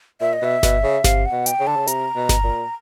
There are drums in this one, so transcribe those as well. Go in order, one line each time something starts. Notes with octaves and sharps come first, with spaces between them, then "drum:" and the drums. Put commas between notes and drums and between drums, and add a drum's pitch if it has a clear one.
A#2 E5
D#5
B2 E5
B2, drum: snare G1
C#3
C3 F5, drum: snare G1
F#5
B2
G5, drum: hi-hat
C#3
D3 A5
C#3
C3 A#5, drum: hi-hat
B2
drum: snare G1
A#2